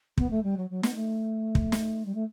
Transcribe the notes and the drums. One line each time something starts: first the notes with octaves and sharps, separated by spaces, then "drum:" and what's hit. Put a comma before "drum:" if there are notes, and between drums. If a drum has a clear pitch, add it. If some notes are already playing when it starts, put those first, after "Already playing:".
B3, drum: kick
A3
G3
F#3
F#3
B3, drum: snare
A3
drum: kick
drum: snare
G3
A3